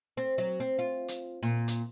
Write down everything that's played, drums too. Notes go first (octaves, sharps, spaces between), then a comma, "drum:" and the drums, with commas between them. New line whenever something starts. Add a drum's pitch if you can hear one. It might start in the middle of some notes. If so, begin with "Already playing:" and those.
C4
F#3
C4
F4
drum: hi-hat
A#2
drum: hi-hat